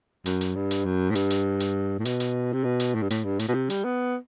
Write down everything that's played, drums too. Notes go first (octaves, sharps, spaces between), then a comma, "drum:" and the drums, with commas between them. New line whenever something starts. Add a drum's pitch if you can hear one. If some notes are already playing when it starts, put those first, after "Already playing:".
F#2, drum: hi-hat
drum: hi-hat
G2
drum: hi-hat
F#2
A2
G2, drum: hi-hat
drum: hi-hat
drum: hi-hat
A2
B2, drum: hi-hat
drum: hi-hat
C3
B2
drum: hi-hat
A2
G2
A2, drum: hi-hat
G2
A2, drum: hi-hat
B2
C3
G3, drum: hi-hat
B3